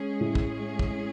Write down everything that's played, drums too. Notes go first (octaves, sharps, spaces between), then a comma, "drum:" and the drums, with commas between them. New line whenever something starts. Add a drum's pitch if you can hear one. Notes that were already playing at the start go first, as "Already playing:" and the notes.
Already playing: G#3 C#4 G#4
A2
drum: kick
drum: kick